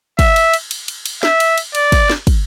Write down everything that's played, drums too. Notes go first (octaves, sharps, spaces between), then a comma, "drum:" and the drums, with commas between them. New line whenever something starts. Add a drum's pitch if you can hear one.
E5, drum: kick, cymbal
drum: cymbal
drum: cymbal
drum: cymbal
drum: cymbal
drum: cymbal
E5, drum: snare
drum: cymbal
drum: cymbal
D5, drum: cymbal
drum: kick, cymbal
drum: snare
drum: kick, cymbal